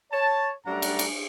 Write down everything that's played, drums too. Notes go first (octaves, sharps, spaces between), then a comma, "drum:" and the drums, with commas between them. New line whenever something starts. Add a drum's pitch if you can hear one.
C#5 A5
F#2 G3 A3 D4 F#5 A#5
drum: cymbal
drum: cymbal